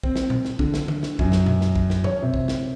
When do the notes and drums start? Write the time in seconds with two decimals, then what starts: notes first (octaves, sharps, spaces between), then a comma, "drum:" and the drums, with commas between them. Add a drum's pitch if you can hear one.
0.03 C4, drum: kick
0.16 drum: snare
0.30 drum: tom A#2
0.45 drum: snare
0.59 D3, drum: kick
0.74 drum: snare
0.88 drum: tom D3
1.03 drum: snare
1.19 F#2, drum: kick
1.32 drum: snare
1.46 drum: tom A#2
1.61 drum: snare
1.76 drum: kick
1.90 drum: snare
2.04 C#5, drum: tom F#2
2.22 C3
2.34 drum: kick
2.48 drum: snare